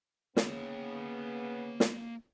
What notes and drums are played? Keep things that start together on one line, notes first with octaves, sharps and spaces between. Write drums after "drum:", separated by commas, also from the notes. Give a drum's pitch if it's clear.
C#3 A#3 B3 G5, drum: snare
drum: snare